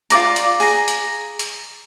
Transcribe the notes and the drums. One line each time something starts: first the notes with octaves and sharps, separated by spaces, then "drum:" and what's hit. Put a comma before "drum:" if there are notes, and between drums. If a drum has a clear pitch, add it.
F4 A4 D5 A#5, drum: hi-hat
drum: hi-hat
G#4 A#5, drum: open hi-hat
drum: hi-hat
drum: hi-hat